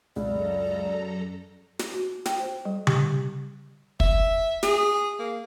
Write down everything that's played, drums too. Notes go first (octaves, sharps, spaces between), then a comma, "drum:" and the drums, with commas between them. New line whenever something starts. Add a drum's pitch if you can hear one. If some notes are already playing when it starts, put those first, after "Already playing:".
C#2 F#2 A4 D5 A#5
drum: snare
F#4
G5, drum: snare
C5
G3
G4, drum: tom C#3
E5, drum: kick
G#4, drum: snare
A#3